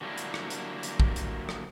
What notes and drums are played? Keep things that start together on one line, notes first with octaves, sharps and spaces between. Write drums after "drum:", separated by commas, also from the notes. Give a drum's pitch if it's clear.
D3 F#3 G3 A#3 D4 E4
drum: hi-hat
drum: rim click
drum: hi-hat
drum: hi-hat
drum: kick
drum: hi-hat
drum: rim click